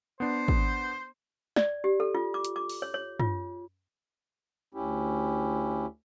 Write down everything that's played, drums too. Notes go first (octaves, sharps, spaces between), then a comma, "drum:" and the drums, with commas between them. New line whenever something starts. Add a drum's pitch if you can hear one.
B3 D4 C5
drum: kick
D5, drum: snare
G4
A4
F4
D6
drum: hi-hat
D6
drum: open hi-hat
C#5
C#5
F4, drum: tom
D2 C#4 E4 G4